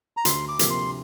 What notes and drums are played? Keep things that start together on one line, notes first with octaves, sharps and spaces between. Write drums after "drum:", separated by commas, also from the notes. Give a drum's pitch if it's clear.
A#5
D2 C6, drum: hi-hat
D6
C3 F3 A#3 G4, drum: hi-hat
C6